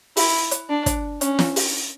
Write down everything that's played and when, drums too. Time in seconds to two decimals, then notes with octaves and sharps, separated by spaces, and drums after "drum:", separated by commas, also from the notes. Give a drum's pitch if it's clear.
0.17 E4, drum: open hi-hat
0.51 drum: hi-hat
0.69 D4
0.86 drum: kick, hi-hat
1.21 C#4, drum: hi-hat
1.39 drum: snare
1.56 drum: open hi-hat